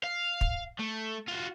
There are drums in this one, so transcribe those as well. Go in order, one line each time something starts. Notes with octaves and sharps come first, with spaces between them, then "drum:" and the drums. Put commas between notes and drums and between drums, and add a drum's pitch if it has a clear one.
F5
drum: kick
A3
F4 F#4